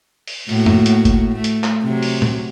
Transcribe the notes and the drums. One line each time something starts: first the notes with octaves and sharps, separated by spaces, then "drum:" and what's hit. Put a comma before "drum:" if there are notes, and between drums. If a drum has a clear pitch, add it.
drum: open hi-hat
A2 A#3 F#4, drum: open hi-hat
drum: tom
drum: hi-hat
drum: kick F#1, hi-hat
A3
drum: hi-hat
drum: clap
C3 F#3
drum: open hi-hat
drum: tom